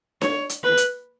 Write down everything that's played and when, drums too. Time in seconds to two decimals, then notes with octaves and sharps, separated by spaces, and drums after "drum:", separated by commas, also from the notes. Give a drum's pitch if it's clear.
0.21 C#5, drum: snare D4
0.49 drum: hi-hat
0.63 B4
0.77 drum: hi-hat